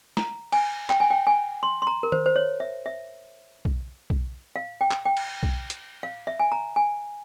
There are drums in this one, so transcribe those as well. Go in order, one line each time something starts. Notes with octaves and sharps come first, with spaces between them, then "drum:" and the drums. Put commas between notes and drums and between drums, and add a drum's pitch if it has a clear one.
A#5, drum: snare
G#5, drum: cymbal
G5, drum: clap
G#5
G5
G#5
C6
C6
A#5
A#4
C5, drum: tom D#3
C5
C#5
E5
E5
drum: kick B1
drum: kick B1
F5
G5
drum: clap
G5
drum: cymbal
drum: kick B1
drum: hi-hat
F5
E5
G#5
A#5
G#5